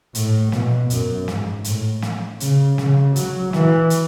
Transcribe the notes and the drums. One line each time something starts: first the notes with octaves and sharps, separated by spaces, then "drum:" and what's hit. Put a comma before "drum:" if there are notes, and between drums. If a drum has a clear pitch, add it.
A2, drum: hi-hat
B2, drum: snare
F#2, drum: hi-hat
G#2, drum: snare
A2, drum: hi-hat
drum: snare
C#3, drum: hi-hat
C#3, drum: snare
F#3, drum: hi-hat
E3, drum: snare
drum: hi-hat